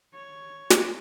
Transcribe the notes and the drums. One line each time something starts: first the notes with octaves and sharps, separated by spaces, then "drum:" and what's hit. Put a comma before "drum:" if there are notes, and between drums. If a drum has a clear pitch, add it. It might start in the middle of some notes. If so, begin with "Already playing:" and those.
C#5
drum: snare